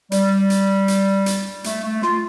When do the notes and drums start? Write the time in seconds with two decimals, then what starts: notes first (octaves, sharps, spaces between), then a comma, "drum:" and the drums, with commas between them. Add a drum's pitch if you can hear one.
0.12 G3, drum: hi-hat
0.50 drum: hi-hat
0.88 drum: hi-hat
1.26 drum: hi-hat
1.64 A3, drum: hi-hat
1.84 A3
2.02 F4, drum: snare